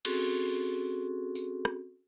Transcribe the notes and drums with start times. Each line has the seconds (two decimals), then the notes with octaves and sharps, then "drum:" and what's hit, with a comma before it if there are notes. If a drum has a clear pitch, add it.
0.05 C4 C#4 F#4 G#4 A4, drum: cymbal
1.35 drum: tambourine
1.65 drum: rim click